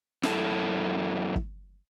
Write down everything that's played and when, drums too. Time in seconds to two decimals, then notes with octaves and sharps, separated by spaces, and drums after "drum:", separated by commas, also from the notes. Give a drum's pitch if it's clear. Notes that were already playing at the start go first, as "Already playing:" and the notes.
0.23 F#2 E4 A4 A5, drum: snare
1.36 drum: kick